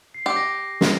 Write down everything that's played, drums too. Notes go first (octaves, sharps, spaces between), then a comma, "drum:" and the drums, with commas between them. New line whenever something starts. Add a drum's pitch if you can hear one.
C7
G4
A#6
drum: snare